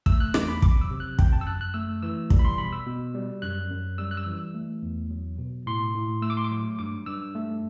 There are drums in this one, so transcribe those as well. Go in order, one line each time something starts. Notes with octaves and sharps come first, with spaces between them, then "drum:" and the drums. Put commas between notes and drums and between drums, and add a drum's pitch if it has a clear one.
A3 E6, drum: kick
F#6
E2 D6, drum: rim click
B5
F#3 D6, drum: kick
E6
C3
F#6
F#2 G5, drum: kick
A5
E6
F#2 F#6
F#6
A3 E6
E3 E6
G3, drum: kick
B5
C6
B2 B5
E6
B2
G3
F#2 F#6
F#2
G3 E6
F#6
E6
E3
A3
E2
F#3
B2
A2 C6
A2
A3 E6
D6
C6
D6
F#3
G2 D6
G2 E6
A3